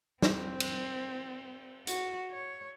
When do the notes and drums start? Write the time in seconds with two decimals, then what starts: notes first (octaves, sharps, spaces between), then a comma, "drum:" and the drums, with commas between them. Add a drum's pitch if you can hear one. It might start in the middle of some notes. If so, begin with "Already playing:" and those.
0.22 C4, drum: snare
0.60 drum: cymbal
1.87 F#4, drum: hi-hat
2.31 C#5